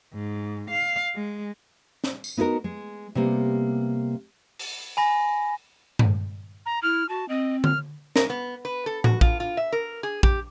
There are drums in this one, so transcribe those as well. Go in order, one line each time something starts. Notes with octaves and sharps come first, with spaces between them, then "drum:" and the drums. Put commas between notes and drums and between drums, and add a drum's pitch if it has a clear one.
G#2
F5
G#3
drum: snare
drum: tambourine
B3 D#4 E4 F#4 A#4
G#3
C3 G3 A#3 B3
drum: open hi-hat
G#5 B5 A#6
drum: tom G2
A#5
E4 F6
F#4 A5
C4 D#5
F6, drum: tom D3
A#4, drum: snare
B3
B4
A4
F#4, drum: tom A2
F4, drum: kick A#1
F4
E5
A#4
G#4
G4, drum: kick A#1